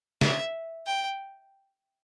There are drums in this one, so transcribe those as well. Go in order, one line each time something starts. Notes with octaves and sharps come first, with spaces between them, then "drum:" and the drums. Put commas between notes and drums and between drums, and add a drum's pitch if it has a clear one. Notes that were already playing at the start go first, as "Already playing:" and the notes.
E5, drum: snare
G5